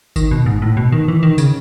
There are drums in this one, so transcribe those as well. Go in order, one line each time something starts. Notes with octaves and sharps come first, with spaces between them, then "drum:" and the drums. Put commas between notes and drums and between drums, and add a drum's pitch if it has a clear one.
D#3, drum: kick G1, tambourine
B2
G#2
A2
B2
D#3
E3
D#3
C#3, drum: tambourine